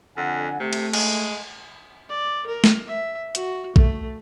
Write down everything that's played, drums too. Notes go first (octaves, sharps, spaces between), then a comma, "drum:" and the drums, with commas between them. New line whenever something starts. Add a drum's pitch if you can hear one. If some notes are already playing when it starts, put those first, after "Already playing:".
F2 D3 F#5 G#5
C3 A3
drum: cymbal
G#3, drum: cymbal
D5
A#4
drum: snare
E5
F#4, drum: hi-hat
A3, drum: kick A#1